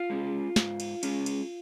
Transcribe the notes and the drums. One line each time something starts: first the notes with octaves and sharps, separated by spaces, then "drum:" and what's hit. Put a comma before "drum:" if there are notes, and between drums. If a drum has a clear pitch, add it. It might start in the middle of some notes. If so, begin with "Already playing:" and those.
Already playing: F4
G#3 C#4
G#2, drum: snare
drum: cymbal
G#3 C#4, drum: cymbal
drum: cymbal